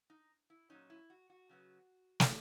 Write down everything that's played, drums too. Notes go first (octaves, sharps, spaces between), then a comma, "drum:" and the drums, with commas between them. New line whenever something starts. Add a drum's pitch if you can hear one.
D#4
E4
A#2 F#3 C#4 D#4
E4
F#4
F#4
C#3 F#3 B3
drum: snare